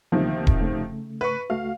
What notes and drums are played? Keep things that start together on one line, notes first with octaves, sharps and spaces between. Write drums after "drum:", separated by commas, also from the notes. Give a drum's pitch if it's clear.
D2 C3 D#3 F3 A#3
drum: kick D#1
C#3 A3
B4 C#6
C#2 A3 F#4 F5